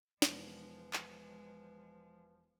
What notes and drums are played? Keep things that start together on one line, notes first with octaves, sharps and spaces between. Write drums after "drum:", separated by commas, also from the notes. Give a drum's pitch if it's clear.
E1 F3 G#3 B4, drum: snare
drum: clap